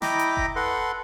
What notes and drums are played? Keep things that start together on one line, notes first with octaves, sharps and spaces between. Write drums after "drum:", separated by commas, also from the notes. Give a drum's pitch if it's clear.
E4 D#5 G5 A#5 B5 D6, drum: snare
drum: hi-hat
drum: kick F1
A4 B4 F#5 C6